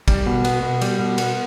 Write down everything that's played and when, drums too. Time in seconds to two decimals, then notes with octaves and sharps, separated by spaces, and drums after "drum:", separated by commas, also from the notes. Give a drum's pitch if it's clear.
0.08 G3, drum: kick, cymbal
0.26 B2
0.45 B3, drum: cymbal
0.63 B2
0.81 G3, drum: cymbal
0.99 B2
1.18 B3, drum: cymbal